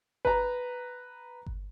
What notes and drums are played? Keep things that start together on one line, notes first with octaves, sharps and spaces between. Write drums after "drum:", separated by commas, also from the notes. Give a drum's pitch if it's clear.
B4 A#5, drum: kick G1
drum: kick G1